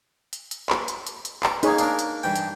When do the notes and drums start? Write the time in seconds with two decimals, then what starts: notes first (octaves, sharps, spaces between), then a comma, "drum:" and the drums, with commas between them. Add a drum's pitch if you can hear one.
0.33 drum: hi-hat
0.51 drum: hi-hat
0.70 drum: clap
0.88 drum: hi-hat
1.07 drum: hi-hat
1.25 drum: hi-hat
1.43 D6, drum: clap
1.63 A#3 D#4 G#4 B4 C#5, drum: hi-hat
1.78 A#3 D4 A#4, drum: hi-hat
1.99 drum: hi-hat
2.23 G2 E3 G5
2.36 drum: hi-hat